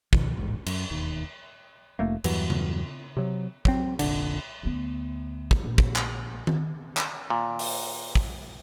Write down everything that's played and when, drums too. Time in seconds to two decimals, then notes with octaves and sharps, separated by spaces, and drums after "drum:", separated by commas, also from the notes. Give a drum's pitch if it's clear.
0.13 C#2 B2 D#3 F3, drum: kick
0.37 D#1 A1 G#2
0.66 F#2, drum: cymbal
0.90 E1 D#2 D#3
1.99 F1 A3 A#3
2.24 E2 G2 E3 F#3, drum: cymbal
2.50 drum: tom C#3
3.17 C3 F#3
3.65 F#3 C4, drum: kick
3.99 F1 A#1 D3, drum: cymbal
4.63 D2 B3
5.51 drum: kick
5.64 A#1
5.78 drum: kick
5.96 drum: clap
6.47 drum: tom D#3
6.97 drum: clap
7.30 A#2
7.59 drum: open hi-hat
8.15 drum: kick